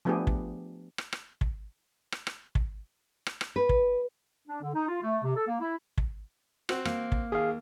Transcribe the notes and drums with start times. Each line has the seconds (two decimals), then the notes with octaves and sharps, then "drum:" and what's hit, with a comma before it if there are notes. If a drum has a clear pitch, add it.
0.05 F3 A3 B3 D4 G4 G#4
0.27 drum: kick
0.98 drum: rim click
1.13 drum: rim click
1.41 drum: kick
2.12 drum: rim click
2.27 drum: rim click
2.55 drum: kick
3.27 drum: rim click
3.41 drum: rim click
3.56 B4
3.69 drum: kick
4.48 D4
4.61 D3
4.74 D#4
4.88 F4
5.01 A3
5.23 C3
5.36 A4
5.47 A#3
5.60 E4
5.98 drum: kick
6.69 C4 F#4, drum: rim click
6.85 A#3, drum: rim click
7.12 drum: kick
7.32 D#2 G#4 F5